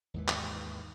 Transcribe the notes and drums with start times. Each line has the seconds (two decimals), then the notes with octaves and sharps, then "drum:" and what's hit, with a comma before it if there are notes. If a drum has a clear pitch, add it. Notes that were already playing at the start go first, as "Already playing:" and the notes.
0.14 D#2 G#2 E3
0.28 drum: clap